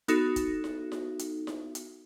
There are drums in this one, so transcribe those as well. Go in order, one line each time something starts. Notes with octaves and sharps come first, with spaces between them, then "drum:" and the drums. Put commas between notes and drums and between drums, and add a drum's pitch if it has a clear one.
B3 D#4 F#4 A4, drum: hi-hat
drum: kick, hi-hat
drum: snare E4
drum: snare E4
drum: hi-hat
drum: snare E4
drum: hi-hat